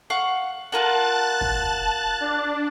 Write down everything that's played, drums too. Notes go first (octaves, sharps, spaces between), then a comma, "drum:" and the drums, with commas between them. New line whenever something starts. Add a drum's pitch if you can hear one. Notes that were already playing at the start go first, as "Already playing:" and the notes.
F5 F#5 C#6
F4 A#4 F#5 A5 F#6 A6
drum: kick
D4